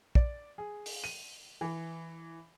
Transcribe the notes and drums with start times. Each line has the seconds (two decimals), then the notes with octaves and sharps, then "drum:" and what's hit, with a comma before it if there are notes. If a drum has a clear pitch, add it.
0.15 D5, drum: kick
0.58 G#4
0.86 drum: open hi-hat
1.04 D#7
1.61 E3